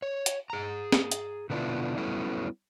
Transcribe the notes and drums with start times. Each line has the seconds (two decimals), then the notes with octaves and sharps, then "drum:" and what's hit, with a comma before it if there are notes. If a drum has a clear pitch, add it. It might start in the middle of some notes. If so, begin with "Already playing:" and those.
0.02 C#5
0.26 drum: hi-hat
0.50 G#4 A#5
0.92 drum: snare
1.11 drum: hi-hat
1.50 B2 D3 B3 D4 E4 F4
1.97 F#3 G3 B3 C#4 E4 A4